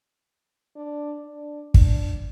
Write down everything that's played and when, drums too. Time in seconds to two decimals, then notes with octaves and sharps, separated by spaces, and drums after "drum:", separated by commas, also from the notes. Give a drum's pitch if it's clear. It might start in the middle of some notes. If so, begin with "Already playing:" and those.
0.76 D4
1.25 D4
1.74 D4, drum: kick